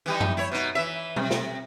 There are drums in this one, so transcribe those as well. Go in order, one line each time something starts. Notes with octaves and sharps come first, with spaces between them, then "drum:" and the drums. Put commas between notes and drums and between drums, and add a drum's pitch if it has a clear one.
E3 G3 D#4
drum: tom F#2
E4 C#5
B2 D#4
E3 E5
C3, drum: tom
drum: snare